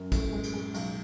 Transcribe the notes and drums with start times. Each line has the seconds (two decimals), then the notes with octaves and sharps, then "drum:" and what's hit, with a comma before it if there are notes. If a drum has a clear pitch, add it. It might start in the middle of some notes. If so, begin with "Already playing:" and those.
Already playing: F#2
0.12 A2, drum: kick, cymbal
0.33 G#3
0.43 drum: cymbal
0.54 G#3
0.74 B1, drum: cymbal